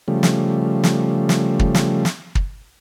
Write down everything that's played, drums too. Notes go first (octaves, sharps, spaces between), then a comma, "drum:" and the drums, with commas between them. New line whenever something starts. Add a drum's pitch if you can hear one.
C#3 F3 G3 A3
drum: snare
drum: snare
drum: snare
drum: kick
drum: snare
drum: snare
drum: kick